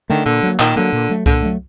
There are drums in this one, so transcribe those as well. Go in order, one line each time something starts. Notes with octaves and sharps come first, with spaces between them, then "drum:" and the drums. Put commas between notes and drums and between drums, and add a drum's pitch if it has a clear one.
D3 D#3 A3
A#2 D3
F#3 A#3
A#2 D#3, drum: clap
D3 F#3 A#3
A#2
F#3 A3
A#2 D3, drum: kick C2
F#3 A3